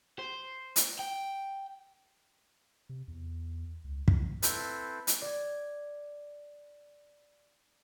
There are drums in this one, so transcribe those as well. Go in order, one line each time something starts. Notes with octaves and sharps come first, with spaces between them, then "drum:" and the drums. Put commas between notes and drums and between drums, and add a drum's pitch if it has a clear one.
C5
drum: hi-hat
G5
C3
E2
C#2
drum: kick
C4 E4 A4 B4 C5, drum: hi-hat
drum: hi-hat
D5 G#6